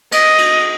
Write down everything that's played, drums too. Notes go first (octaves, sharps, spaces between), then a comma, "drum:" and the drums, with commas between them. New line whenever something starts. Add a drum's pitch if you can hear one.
D#5, drum: cymbal
drum: cymbal